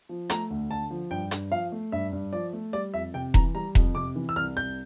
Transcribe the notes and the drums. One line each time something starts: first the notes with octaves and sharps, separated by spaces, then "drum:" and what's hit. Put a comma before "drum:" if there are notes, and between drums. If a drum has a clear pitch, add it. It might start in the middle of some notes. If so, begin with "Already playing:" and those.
F3
A3 A#5, drum: hi-hat
D2
D3 A5
F3
G2 G5
G2, drum: hi-hat
F3 F5
A3
G2 E5
G2
F3 D5
A3
G3 D5
F2 E5
C3 G5
E3 A#5, drum: kick E1
G3 A#5
F2, drum: kick E1
C3 D6
E3
E6
C2 F6
C2 G6